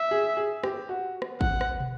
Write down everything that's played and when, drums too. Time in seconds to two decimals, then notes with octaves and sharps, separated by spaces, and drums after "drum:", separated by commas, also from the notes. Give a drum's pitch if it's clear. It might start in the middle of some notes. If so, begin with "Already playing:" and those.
Already playing: E5
0.11 G#4
0.37 G#4
0.64 G4, drum: rim click
0.89 F#4
1.22 drum: rim click
1.41 F#5, drum: kick G#1
1.61 drum: rim click
1.80 drum: tom